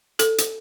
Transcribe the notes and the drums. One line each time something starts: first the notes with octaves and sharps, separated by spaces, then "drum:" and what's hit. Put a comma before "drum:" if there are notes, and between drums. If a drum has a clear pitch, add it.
A4, drum: hi-hat
drum: hi-hat